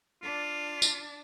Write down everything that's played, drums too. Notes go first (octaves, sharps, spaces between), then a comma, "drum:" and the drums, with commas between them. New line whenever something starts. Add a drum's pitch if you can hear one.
D4 F4
drum: tambourine